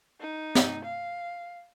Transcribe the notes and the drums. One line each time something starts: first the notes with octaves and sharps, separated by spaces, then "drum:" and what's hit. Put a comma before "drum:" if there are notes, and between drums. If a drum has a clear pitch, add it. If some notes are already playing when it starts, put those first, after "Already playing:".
D#4
drum: snare
F5